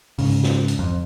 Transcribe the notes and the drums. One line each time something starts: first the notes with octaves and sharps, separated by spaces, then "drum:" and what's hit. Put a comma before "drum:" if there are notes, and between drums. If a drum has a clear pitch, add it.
G#2 C#3, drum: open hi-hat
drum: snare
drum: hi-hat
F2